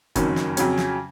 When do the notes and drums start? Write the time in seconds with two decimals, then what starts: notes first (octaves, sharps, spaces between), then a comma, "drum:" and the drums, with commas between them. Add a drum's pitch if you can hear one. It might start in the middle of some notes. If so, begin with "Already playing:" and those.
0.16 F#1 F2 D#3 F#3 C#4, drum: kick F#1, hi-hat
0.36 drum: snare
0.57 F2 C#3 F#3 C#4, drum: hi-hat
0.78 drum: snare